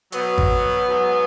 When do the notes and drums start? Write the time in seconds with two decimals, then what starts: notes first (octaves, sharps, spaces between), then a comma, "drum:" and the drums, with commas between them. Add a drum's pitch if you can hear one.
0.12 B2 F#3 B3, drum: hi-hat
0.38 drum: kick G#1
0.88 G#2 F#3